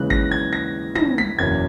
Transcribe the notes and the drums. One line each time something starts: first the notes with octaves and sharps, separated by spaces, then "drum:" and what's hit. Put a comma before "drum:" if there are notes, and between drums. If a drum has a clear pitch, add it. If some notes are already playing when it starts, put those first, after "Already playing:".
Already playing: D#2 C#3 E3 G#3 C#4 F#6
A#6, drum: kick G1
G#6
A#6
A#6, drum: tom
B6
F#1 E2 B2 A#3 C#4 G#6